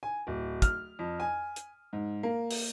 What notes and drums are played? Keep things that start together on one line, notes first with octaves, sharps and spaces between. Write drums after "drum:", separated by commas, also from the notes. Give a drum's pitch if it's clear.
G#5
D1
F6, drum: kick, hi-hat
F2
G#5
drum: hi-hat
G#2
A#3
drum: open hi-hat